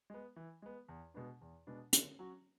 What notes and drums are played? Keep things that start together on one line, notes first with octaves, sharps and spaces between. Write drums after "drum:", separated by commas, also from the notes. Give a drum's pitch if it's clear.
G#3 B3
E3
G#3 B3
E2
B2 G#3 B3 D4
E2
B2 G#3 B3 D4
D3, drum: hi-hat
F#3 C#4 F#4